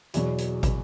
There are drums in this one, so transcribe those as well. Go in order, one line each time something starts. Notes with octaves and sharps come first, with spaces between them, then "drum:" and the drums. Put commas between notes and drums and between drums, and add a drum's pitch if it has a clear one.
E2 B2 F#3, drum: hi-hat
drum: hi-hat
drum: kick, hi-hat